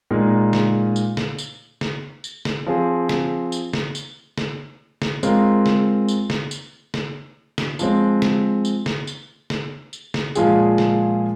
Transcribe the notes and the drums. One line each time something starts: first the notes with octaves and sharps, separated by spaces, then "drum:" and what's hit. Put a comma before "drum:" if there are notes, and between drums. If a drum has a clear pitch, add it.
A#2 G#3 D#4 A#4
drum: snare
drum: tambourine
drum: snare
drum: tambourine
drum: snare
drum: tambourine
drum: snare
F3 C4 G#4
drum: snare
drum: tambourine
drum: snare
drum: tambourine
drum: snare
drum: snare
G#3 C4 F4 A#4, drum: tambourine
drum: snare
drum: tambourine
drum: snare
drum: tambourine
drum: snare
drum: snare
F3 G#3 C4, drum: tambourine
drum: snare
drum: tambourine
drum: snare
drum: tambourine
drum: snare
drum: tambourine
drum: snare
A#2 F3 G#3 F4 G#4, drum: tambourine
drum: snare